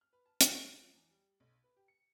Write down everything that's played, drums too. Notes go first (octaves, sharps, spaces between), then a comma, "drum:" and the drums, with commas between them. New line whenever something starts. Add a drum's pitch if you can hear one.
F6
B4
A5
A1, drum: hi-hat
C#5
F3
E2
G3
B1
B4
G4
C#7